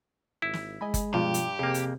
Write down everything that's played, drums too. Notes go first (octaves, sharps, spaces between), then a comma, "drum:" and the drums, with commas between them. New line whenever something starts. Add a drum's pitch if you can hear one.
G#1 E4
drum: snare
G#3 D#5 G#5 B5
drum: kick G1, hi-hat
G2 B2 F3 F4 G4
drum: hi-hat
F2 C3 A#3 G#4 G6
drum: hi-hat